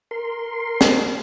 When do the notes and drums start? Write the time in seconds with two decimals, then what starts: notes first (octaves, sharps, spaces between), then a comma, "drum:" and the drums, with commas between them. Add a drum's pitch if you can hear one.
0.11 A#4 C6
0.81 drum: snare